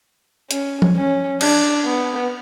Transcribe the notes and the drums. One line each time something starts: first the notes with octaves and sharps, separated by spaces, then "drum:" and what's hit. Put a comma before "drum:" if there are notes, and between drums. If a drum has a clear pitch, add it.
C#4, drum: hi-hat
drum: tom F3
C#4
D4, drum: cymbal
B3